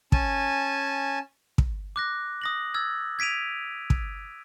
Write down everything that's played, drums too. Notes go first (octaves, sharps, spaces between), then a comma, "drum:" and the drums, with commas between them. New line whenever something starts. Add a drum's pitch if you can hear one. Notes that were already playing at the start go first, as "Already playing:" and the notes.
C#4 G#5 A5, drum: kick
drum: kick
D6 F#6 A#6
D#6 A#6 F#7
E6 G#6 A6
G#6 B6 D7 D#7 F7
drum: kick